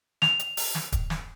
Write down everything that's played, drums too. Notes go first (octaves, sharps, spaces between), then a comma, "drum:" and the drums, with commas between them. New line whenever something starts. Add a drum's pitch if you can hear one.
F7, drum: snare
drum: hi-hat
drum: open hi-hat
drum: snare
drum: kick, hi-hat
drum: snare